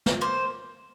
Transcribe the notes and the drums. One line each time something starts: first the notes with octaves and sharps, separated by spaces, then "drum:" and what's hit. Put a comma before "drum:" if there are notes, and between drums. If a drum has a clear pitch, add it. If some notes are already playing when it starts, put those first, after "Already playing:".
drum: snare
A#3 C5